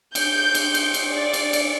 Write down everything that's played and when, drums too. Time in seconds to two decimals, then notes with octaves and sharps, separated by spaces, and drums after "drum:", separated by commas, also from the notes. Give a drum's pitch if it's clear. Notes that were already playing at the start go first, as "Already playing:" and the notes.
0.15 G6, drum: cymbal
0.55 drum: cymbal
0.74 drum: cymbal
0.94 drum: cymbal
1.10 D5
1.33 drum: cymbal
1.53 drum: cymbal